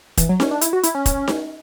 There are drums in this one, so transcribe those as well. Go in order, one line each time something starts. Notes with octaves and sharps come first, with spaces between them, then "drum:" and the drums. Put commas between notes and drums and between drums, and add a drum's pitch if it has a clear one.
E3, drum: kick, hi-hat
F#3
C#4, drum: snare D#4
D4
E4, drum: hi-hat
F#4
E4, drum: hi-hat
C#4
drum: kick, hi-hat
drum: snare D#4